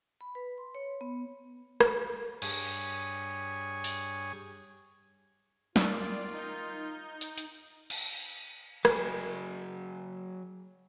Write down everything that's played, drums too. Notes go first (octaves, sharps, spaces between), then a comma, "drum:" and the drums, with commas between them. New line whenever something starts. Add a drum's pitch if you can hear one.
B5
B4
C6
C#5
B3
drum: rim click
G2 G#4 C#5 G#5, drum: cymbal
drum: open hi-hat
D#3 F4 D5, drum: snare
D#4 G6
drum: hi-hat
drum: hi-hat
drum: cymbal
F#3 G#4, drum: rim click